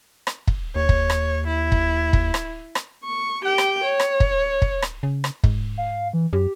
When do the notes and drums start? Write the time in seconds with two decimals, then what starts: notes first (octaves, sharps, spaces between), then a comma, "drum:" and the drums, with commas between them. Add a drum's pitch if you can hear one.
0.27 drum: rim click
0.47 drum: kick
0.76 D#2 C#5
0.89 drum: kick
1.10 drum: rim click
1.47 E4
1.72 drum: kick
2.13 drum: kick
2.34 drum: rim click
2.75 drum: rim click
3.04 C#6
3.43 G4 G5
3.58 drum: rim click
3.84 C#5
4.00 drum: rim click
4.20 drum: kick
4.62 drum: kick
4.82 drum: rim click
5.03 C#3
5.24 drum: rim click
5.44 G#2, drum: kick
5.78 F5
6.13 E3
6.33 F#2 G4